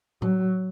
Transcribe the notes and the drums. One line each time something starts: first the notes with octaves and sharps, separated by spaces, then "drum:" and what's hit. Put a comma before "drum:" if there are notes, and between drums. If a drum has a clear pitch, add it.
F#3, drum: tom A2